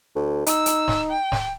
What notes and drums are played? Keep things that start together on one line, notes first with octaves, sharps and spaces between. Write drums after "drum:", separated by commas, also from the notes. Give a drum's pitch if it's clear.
D2
D#4 E6, drum: hi-hat
drum: hi-hat
drum: snare
G5
drum: snare